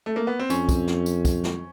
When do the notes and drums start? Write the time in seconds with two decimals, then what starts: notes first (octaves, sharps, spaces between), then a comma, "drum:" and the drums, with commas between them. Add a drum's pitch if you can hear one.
0.06 A3
0.16 A#3
0.27 B3
0.39 C4
0.50 F2 C#4, drum: tambourine
0.69 drum: kick, tambourine
0.87 drum: snare
1.06 drum: tambourine
1.25 drum: kick, tambourine
1.44 drum: snare